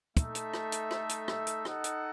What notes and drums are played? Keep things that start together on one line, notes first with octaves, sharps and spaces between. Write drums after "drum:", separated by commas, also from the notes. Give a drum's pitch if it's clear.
A3 D#4 A4 E5, drum: kick, hi-hat
drum: hi-hat
drum: rim click
drum: hi-hat
drum: rim click
drum: hi-hat
drum: rim click
drum: hi-hat
D#4 A4 D#5 F#5, drum: rim click
drum: hi-hat